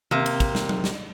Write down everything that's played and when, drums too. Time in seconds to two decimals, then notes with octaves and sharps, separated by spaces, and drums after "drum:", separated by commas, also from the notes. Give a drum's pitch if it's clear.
0.11 C3 A#3, drum: tom D#3
0.26 drum: cymbal
0.40 drum: kick, cymbal
0.55 drum: snare
0.69 drum: tom F#3
0.84 drum: snare